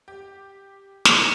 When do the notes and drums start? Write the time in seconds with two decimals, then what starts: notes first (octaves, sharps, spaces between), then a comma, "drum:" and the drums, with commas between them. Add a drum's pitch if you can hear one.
0.08 G4
1.05 drum: snare